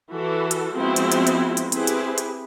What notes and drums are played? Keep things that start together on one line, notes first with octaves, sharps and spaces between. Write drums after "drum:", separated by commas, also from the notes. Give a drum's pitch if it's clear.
E3 F#4 A4
drum: hi-hat
F3 G#3 B3 C4 E4 F#4
drum: hi-hat
drum: hi-hat
drum: hi-hat
drum: hi-hat
C4 E4 G4 G#4 B4, drum: hi-hat
drum: hi-hat
drum: hi-hat